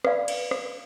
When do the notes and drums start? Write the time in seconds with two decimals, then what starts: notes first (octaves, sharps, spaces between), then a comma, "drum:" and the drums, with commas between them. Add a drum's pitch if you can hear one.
0.05 B4 D5 F5 B5, drum: rim click
0.28 drum: cymbal
0.51 drum: rim click